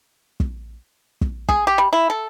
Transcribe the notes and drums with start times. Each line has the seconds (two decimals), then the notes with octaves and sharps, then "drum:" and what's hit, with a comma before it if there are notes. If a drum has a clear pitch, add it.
0.40 drum: kick
1.21 drum: kick
1.49 G#4, drum: kick
1.67 G4
1.78 G3
1.93 E4
2.10 A4